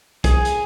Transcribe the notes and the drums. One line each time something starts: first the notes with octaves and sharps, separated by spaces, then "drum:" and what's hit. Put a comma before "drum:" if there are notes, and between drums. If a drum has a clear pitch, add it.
G#4, drum: kick, hi-hat
drum: hi-hat